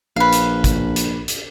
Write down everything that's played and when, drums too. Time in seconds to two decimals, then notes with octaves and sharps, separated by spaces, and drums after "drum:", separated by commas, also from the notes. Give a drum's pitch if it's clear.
0.16 A#1 B4 F5
0.32 drum: hi-hat
0.64 drum: kick, hi-hat
0.96 drum: hi-hat
1.28 drum: hi-hat